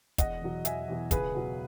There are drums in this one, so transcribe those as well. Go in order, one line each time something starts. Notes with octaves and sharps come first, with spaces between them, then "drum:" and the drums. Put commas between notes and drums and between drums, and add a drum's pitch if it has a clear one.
E1 D#5 F#5, drum: kick, hi-hat
E2 B2 F#3
E1 E5 G#5, drum: hi-hat
E2 B2 F#3
C#2 G#4 B4, drum: kick, hi-hat
B2 F#3